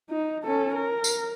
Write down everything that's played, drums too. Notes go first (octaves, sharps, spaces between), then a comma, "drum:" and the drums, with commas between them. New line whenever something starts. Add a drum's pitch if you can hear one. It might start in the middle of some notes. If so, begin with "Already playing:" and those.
D#4
C#4 A4
A#4
drum: tambourine